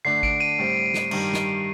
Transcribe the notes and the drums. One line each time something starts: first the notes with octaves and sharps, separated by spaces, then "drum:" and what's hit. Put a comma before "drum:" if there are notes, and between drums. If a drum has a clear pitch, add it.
D3 A3 D4 C7
D7, drum: kick G#1
D#7
A2 G3 C4
drum: snare
G2 D#3 G3, drum: cymbal
drum: snare